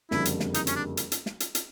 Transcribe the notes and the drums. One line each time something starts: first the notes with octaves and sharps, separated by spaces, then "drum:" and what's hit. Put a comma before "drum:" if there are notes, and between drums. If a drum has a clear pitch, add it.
F#1 F2 D3 G3 E4, drum: snare
drum: hi-hat
drum: snare
D#4, drum: hi-hat
C#4, drum: hi-hat
D4
drum: hi-hat
drum: hi-hat
drum: snare
drum: hi-hat
drum: hi-hat